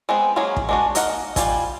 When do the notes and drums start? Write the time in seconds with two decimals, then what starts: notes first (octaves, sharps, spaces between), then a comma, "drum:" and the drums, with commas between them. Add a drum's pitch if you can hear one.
0.09 G#3 B3 C4
0.36 F#3 G#3 A#3 C#4 G#4
0.56 drum: kick
0.69 G#3 D4 F#4
0.95 A#3 D#4 A#4 D#5 F#5, drum: hi-hat
1.36 G3 F4 G#5, drum: kick, hi-hat